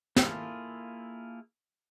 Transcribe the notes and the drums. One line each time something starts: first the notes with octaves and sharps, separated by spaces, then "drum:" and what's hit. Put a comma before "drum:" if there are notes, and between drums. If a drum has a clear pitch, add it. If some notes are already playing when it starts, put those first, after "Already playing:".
A#3 E4 F4 G#4 A4, drum: snare